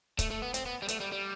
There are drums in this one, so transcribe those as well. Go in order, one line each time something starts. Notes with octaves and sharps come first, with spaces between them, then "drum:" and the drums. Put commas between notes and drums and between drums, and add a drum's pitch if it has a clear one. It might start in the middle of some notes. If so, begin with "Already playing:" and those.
A3, drum: kick, hi-hat
A3
B3
C4, drum: hi-hat
B3
G3
A3, drum: hi-hat
G3
G3